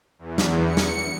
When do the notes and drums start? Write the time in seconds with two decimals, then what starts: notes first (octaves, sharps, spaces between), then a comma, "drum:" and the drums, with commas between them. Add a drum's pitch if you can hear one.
0.19 E2
0.38 drum: snare
0.65 C#7
0.77 drum: snare